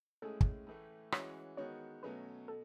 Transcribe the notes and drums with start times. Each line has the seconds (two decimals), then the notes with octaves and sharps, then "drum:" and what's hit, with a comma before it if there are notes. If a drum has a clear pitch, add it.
0.22 A2 G#3 C#4 G#4 A4
0.41 drum: kick
0.67 A2 E3 A3
1.12 E3 G#3 C#4 F#4 C#5, drum: rim click
1.57 D#3 G#3 B3 F#4 C#5
2.03 B2 F#3 A3 C#4 F#4 B4
2.48 B2 A4